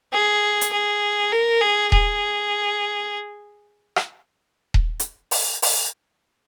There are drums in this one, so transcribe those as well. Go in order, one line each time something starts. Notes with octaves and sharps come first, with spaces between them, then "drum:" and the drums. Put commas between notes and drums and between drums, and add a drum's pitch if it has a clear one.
G#4
drum: hi-hat
G#4
A#4
G#4
G#4, drum: kick D#1
drum: rim click
drum: kick D#1
drum: hi-hat
drum: open hi-hat
drum: open hi-hat